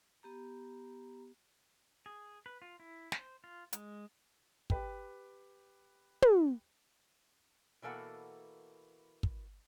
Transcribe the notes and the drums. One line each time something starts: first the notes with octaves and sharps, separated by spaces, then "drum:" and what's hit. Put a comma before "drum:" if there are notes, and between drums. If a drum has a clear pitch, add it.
B3 G4 A#5
G#4
B4
F4
E4
C5, drum: snare
F4
G#3, drum: hi-hat
G4 B4 G5, drum: kick
drum: tom
B2 E3 A#3 A4 F#5
drum: kick